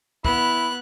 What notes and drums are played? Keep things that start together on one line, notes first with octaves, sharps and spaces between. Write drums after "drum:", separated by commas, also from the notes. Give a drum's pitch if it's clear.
B3 E4 F#6, drum: kick